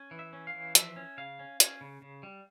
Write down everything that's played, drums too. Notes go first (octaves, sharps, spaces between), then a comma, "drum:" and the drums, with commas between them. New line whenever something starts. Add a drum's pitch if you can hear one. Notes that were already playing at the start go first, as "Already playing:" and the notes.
Already playing: C#4
E3
E5
C#4
F5
E3
F3 E5, drum: hi-hat
C#4
C#3 F5
C#4
C#4, drum: hi-hat
C#3
C#3
G3